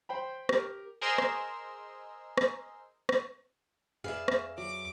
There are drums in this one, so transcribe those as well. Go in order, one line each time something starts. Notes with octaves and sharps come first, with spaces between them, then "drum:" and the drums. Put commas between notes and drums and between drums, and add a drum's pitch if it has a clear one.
C5 G5 B5
G4 A#4, drum: rim click
G#4 A#4 C5 D#5 C6 E6
drum: rim click
drum: rim click
drum: rim click
F2 G#4 B4 D5 E5 F5
drum: rim click
F#3 D6